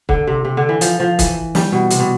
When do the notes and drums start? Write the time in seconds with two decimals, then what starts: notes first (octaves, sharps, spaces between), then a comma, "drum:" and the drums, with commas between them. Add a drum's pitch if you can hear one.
0.09 D3, drum: kick C#1
0.27 C3
0.45 C3
0.57 D3
0.69 E3
0.81 F3, drum: hi-hat
1.00 F3
1.19 E3, drum: kick C#1, hi-hat
1.55 G3, drum: snare
1.72 B2
1.90 C3, drum: hi-hat
2.00 B2